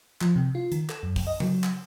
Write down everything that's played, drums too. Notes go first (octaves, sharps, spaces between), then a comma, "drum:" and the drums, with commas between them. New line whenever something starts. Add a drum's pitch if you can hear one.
F3, drum: clap
C3
F4
D#3, drum: hi-hat
A4, drum: clap
F#2
drum: kick, open hi-hat
D#5
F#3, drum: tom C#3
drum: clap